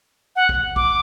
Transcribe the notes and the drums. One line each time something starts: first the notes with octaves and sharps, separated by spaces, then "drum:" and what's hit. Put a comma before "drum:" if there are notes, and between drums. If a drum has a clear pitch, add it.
F#5
drum: kick B1
D6, drum: kick B1